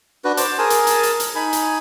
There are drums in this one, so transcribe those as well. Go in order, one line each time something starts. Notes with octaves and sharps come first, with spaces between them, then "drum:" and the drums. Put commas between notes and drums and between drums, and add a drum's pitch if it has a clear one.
D4 F#4 B4
C5 A5 D6, drum: hi-hat
G#4 A#4 G#5 A5
drum: hi-hat
drum: hi-hat
drum: hi-hat
drum: hi-hat
D#4 G#5 B5
drum: hi-hat